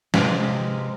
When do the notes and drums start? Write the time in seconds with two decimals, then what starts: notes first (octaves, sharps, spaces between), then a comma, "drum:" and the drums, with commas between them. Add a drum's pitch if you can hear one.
0.14 C3 G#3 G4 B4 F5, drum: snare